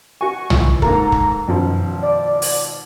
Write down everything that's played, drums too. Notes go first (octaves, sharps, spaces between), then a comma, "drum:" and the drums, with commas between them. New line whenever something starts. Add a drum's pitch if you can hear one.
F#4 G#5 C#6
C#2 E3, drum: tom
G#2 A#3 A4 A#5, drum: kick
drum: kick
G#1 F#2 B2 F3
D5
drum: open hi-hat